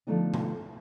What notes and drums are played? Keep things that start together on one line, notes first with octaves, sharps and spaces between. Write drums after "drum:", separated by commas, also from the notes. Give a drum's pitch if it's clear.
D3 F3 A3 B3 D#4
drum: tom B2